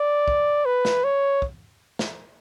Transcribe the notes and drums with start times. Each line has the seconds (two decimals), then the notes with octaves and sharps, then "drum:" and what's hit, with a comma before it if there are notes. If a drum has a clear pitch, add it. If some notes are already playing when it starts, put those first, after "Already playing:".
Already playing: D5
0.28 drum: kick
0.65 B4
0.85 drum: snare
1.04 C#5
1.42 drum: kick
1.99 drum: snare